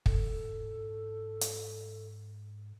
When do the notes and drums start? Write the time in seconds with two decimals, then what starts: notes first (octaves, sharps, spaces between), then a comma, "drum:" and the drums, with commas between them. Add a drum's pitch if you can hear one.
0.06 G#2 A4, drum: kick
1.41 drum: hi-hat